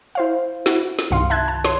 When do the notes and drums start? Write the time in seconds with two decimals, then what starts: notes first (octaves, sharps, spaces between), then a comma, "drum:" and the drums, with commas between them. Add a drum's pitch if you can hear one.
0.15 E4 C5 F5
0.66 E4 F#4, drum: snare
0.99 drum: snare
1.11 C2 G2 D#3 F5 C6
1.30 E5 A5 F#6 G#6
1.48 A5
1.65 C#5 C6, drum: snare